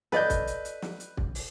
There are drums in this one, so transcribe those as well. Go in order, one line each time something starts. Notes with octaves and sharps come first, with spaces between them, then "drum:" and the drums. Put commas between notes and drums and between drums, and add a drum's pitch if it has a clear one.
A4 B4 D5 D#5 G6, drum: snare
drum: kick, hi-hat
drum: hi-hat
drum: hi-hat
drum: snare
drum: hi-hat
drum: kick
drum: open hi-hat